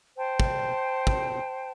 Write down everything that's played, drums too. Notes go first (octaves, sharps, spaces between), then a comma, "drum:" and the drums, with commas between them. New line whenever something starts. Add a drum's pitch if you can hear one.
C5 G5 A5
drum: kick
drum: kick